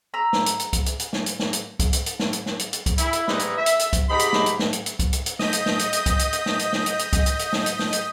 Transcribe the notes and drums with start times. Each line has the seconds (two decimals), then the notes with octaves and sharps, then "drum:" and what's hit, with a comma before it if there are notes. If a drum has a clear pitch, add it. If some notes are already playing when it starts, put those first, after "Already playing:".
0.14 A#5 B5 E6
0.33 drum: snare
0.46 drum: hi-hat
0.60 drum: hi-hat
0.73 drum: kick, hi-hat
0.86 drum: hi-hat
1.00 drum: hi-hat
1.13 drum: snare
1.26 drum: hi-hat
1.40 drum: snare
1.53 drum: hi-hat
1.79 drum: kick, hi-hat
1.93 drum: hi-hat
2.06 drum: hi-hat
2.19 drum: snare
2.33 drum: hi-hat
2.46 drum: snare
2.59 drum: hi-hat
2.73 drum: hi-hat
2.86 drum: kick, hi-hat
2.98 E4, drum: hi-hat
3.13 drum: hi-hat
3.28 E3 G3 G#3 B3 D#4 E4, drum: snare
3.39 drum: hi-hat
3.57 E5
3.66 drum: hi-hat
3.79 drum: hi-hat
3.93 drum: kick, hi-hat
4.09 G#2 C3 D#4 G#4 B5
4.19 drum: hi-hat
4.33 drum: snare
4.46 drum: hi-hat
4.59 drum: snare
4.73 drum: hi-hat
4.86 drum: hi-hat
4.99 drum: kick, hi-hat
5.13 drum: hi-hat
5.26 drum: hi-hat
5.39 D#5 D#6 G6 B6, drum: snare
5.53 drum: hi-hat
5.66 drum: snare
5.79 drum: hi-hat
5.93 drum: hi-hat
6.06 drum: kick, hi-hat
6.19 drum: hi-hat
6.33 drum: hi-hat
6.46 drum: snare
6.59 drum: hi-hat
6.73 drum: snare
6.86 drum: hi-hat
6.99 drum: hi-hat
7.13 drum: kick, hi-hat
7.26 drum: hi-hat
7.39 drum: hi-hat
7.53 drum: snare
7.66 drum: hi-hat
7.79 drum: snare
7.93 drum: hi-hat